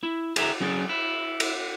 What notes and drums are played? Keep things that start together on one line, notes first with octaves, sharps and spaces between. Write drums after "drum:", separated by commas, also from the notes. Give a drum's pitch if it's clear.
E4
G#4 E5 A#5, drum: cymbal
F#3 C#4 G#4 D5
E4
drum: cymbal